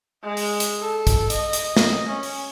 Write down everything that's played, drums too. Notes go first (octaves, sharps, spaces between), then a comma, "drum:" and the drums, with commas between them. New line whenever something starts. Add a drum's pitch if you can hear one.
G#3
drum: open hi-hat
drum: hi-hat
A4
drum: kick, hi-hat
D#5, drum: hi-hat
drum: hi-hat
drum: snare
C#4
drum: open hi-hat